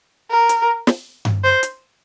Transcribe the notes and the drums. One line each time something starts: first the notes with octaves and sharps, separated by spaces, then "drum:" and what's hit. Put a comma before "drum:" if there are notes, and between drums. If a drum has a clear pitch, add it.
A#4
drum: hi-hat
drum: snare
drum: tom G2
C5
drum: hi-hat